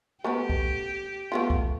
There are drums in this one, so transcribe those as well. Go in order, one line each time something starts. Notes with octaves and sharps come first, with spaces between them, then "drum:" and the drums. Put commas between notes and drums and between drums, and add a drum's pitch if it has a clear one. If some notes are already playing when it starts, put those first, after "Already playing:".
A3 B3 G4 B4
drum: kick
A3 B3 F4
drum: kick